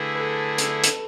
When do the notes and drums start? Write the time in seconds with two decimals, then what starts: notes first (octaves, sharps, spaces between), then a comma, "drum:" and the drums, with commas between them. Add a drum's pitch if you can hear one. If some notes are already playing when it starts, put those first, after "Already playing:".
Already playing: D3 A3 E4 G#4 B4
0.15 B4
0.20 A4
0.58 A4, drum: hi-hat
0.83 drum: hi-hat